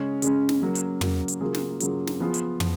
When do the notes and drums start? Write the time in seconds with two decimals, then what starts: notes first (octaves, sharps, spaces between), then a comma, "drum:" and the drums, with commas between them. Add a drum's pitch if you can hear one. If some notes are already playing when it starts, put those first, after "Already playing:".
Already playing: C#3 G#3 C#4
0.22 C#3 G#3 C#4, drum: hi-hat
0.49 drum: snare
0.62 C#3 F#3 A#3
0.75 drum: hi-hat
1.01 C#3 F#3 A#3, drum: tom
1.28 drum: hi-hat
1.41 C#3 F#3 A#3 F4 G#4
1.55 drum: snare
1.80 C#3 F#3 A#3 F4 G#4, drum: hi-hat
2.07 drum: snare
2.20 F3 B3 F4 G#4
2.34 drum: hi-hat
2.60 F3 B3, drum: tom